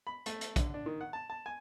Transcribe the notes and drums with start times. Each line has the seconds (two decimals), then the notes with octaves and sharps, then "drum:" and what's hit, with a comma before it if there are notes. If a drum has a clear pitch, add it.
0.07 B5
0.26 A3, drum: hi-hat
0.41 drum: hi-hat
0.56 D3, drum: kick, hi-hat
0.74 D4
0.86 D#3
1.01 F#5
1.13 A5
1.30 A5
1.46 G#5